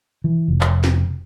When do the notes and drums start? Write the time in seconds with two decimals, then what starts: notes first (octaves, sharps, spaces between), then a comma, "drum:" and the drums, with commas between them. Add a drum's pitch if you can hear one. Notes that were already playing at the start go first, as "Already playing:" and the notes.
0.24 E3
0.48 F1
0.61 drum: clap
0.84 drum: snare